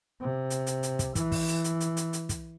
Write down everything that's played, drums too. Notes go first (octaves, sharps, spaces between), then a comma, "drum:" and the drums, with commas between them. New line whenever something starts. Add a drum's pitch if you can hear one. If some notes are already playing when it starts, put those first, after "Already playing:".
C3
drum: hi-hat
drum: hi-hat
drum: hi-hat
drum: kick, hi-hat
E3, drum: kick, hi-hat
drum: kick, open hi-hat
drum: hi-hat
drum: hi-hat
drum: hi-hat
drum: hi-hat
drum: hi-hat
drum: kick, hi-hat